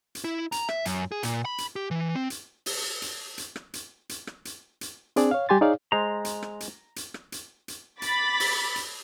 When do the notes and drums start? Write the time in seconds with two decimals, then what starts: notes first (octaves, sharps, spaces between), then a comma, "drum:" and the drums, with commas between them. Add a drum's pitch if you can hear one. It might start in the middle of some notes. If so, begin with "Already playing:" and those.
0.15 drum: hi-hat
0.24 E4
0.52 A#5, drum: hi-hat
0.69 E5, drum: rim click
0.85 F#2, drum: hi-hat
1.12 G#4
1.23 A#2, drum: hi-hat
1.45 B5
1.58 drum: hi-hat
1.76 G4
1.91 E3
2.15 C4
2.30 drum: hi-hat
2.66 drum: open hi-hat
3.02 drum: hi-hat
3.38 drum: hi-hat
3.56 drum: rim click
3.74 drum: hi-hat
4.09 drum: hi-hat
4.27 drum: rim click
4.45 drum: hi-hat
4.81 drum: hi-hat
5.16 C4 D4 G#4 D5, drum: hi-hat
5.31 C#5 F5
5.49 G3 G4 G#5 C6 A6
5.61 D#4 G#4 C#5 D5 F5
5.92 G#3 C5 A#5
6.25 drum: hi-hat
6.43 drum: rim click
6.60 drum: hi-hat
6.96 drum: hi-hat
7.14 drum: rim click
7.32 drum: hi-hat
7.68 drum: hi-hat
8.02 B5 D6 A6 B6, drum: hi-hat
8.40 drum: open hi-hat
8.76 drum: hi-hat